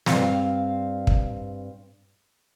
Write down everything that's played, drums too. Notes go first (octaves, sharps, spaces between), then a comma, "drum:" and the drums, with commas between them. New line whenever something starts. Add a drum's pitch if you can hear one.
G2 E3 C4 F5, drum: snare
drum: kick